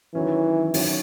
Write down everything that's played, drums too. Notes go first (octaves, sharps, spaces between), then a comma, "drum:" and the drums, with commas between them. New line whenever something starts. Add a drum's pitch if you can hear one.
D#3 E3 F#3 C#4
D#3 F#3 C#4, drum: open hi-hat